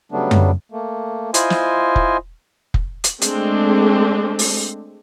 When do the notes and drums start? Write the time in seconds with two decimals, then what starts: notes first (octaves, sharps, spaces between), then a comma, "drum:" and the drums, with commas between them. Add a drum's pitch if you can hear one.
0.12 C#3 F#3 G3 A3 B3 D4
0.31 drum: tom F#2
0.72 A3 A#3
1.34 E4 F4 C5 D#5 G#5, drum: hi-hat
1.50 drum: snare
1.96 drum: kick F1
2.74 drum: kick F1
3.04 drum: hi-hat
3.21 G#3 A3 C4 D4, drum: hi-hat
4.39 drum: open hi-hat